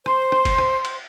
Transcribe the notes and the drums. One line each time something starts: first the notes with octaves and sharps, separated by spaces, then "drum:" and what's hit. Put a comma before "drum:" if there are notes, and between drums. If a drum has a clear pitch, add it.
C5, drum: rim click
drum: rim click
drum: kick, cymbal
drum: rim click
drum: cymbal